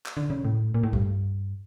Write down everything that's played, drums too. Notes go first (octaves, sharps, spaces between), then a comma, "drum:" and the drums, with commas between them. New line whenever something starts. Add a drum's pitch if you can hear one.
drum: clap
D3
C#3
A2
A#2
A2
G2, drum: kick C2